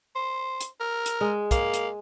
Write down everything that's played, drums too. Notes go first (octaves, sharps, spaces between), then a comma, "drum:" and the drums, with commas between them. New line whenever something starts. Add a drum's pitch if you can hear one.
C5
drum: hi-hat
A#4
drum: hi-hat
G#3
A#3, drum: kick, hi-hat
drum: hi-hat